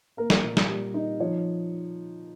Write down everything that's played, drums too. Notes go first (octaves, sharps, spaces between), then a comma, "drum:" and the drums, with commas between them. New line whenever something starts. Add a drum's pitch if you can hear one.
A#3 A#4
drum: snare
A#2
drum: snare
G3
D#4
F3 C#5